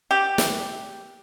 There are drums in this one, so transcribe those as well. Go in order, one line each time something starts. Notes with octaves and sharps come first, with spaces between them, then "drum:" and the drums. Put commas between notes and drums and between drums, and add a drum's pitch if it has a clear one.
G4
drum: snare